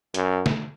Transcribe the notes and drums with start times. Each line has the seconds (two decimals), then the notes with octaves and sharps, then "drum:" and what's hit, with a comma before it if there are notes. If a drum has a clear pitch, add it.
0.14 F#2, drum: hi-hat
0.46 drum: snare A3